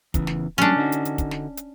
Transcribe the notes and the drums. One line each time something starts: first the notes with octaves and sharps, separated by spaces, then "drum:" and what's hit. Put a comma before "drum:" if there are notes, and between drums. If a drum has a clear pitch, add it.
E2 C#3 E3, drum: kick, hi-hat
drum: snare
F#3 G3 A3 C#4 D4
D3 D#4 F#4
drum: hi-hat
drum: hi-hat
drum: kick, hi-hat
drum: snare
drum: hi-hat